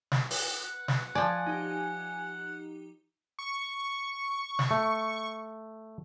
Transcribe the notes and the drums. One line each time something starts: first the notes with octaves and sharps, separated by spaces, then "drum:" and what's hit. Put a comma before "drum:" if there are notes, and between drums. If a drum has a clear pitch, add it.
drum: snare
B4 F#5 F#6, drum: open hi-hat
drum: snare
F3 D5 G#5
D#4 G4
C#6
drum: snare
A3